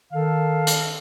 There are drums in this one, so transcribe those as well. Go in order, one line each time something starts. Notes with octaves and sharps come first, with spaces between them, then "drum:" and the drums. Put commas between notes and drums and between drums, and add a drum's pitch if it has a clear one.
D#3 A4 F5
drum: hi-hat